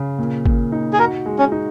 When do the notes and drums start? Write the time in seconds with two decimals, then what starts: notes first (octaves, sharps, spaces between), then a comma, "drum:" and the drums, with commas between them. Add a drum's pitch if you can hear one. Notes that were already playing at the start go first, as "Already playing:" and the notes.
Already playing: C#3
0.18 A#2
0.46 A#2, drum: kick G#1
0.72 D#4
0.93 G#4
0.99 F#4 A#4
1.26 G#3
1.39 C#4
1.52 D#4